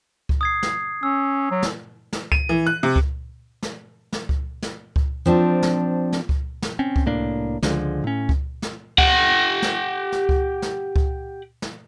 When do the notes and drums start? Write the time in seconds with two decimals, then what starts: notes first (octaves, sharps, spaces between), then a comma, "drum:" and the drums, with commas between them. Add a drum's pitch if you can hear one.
0.29 drum: kick C#2
0.41 D#6 G#6 C7
0.63 drum: snare
1.03 C#4 E6
1.51 F#3
1.63 drum: snare
2.13 drum: snare
2.32 D#7, drum: kick C#2
2.49 E3
2.67 F#6
2.83 C3
2.96 drum: kick C#2
3.63 drum: snare
4.13 drum: snare
4.29 drum: kick C#2
4.62 drum: snare
4.96 drum: kick C#2
5.26 F3 C4 D4
5.62 drum: snare
6.12 drum: snare
6.29 drum: kick C#2
6.62 drum: snare
6.79 C4 C#4
6.96 drum: kick C#2
7.06 C2 A2 A#3 D4
7.63 C#2 D3 F3 G#3, drum: snare
8.04 A2 C#4
8.29 drum: kick C#2
8.62 drum: snare
8.98 G4 F#5, drum: kick C#2
9.62 drum: snare
10.12 drum: snare
10.29 drum: kick C#2
10.62 drum: snare
10.96 drum: kick C#2
11.62 drum: snare